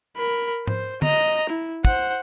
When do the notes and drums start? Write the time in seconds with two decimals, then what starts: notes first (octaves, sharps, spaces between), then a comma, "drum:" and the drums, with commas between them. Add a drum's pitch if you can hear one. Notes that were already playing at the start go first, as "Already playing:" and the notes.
0.17 A#4 B5
0.67 C5, drum: tom G#2
1.02 D#5 A#5, drum: tom D3
1.49 E4
1.85 C5 F#5, drum: kick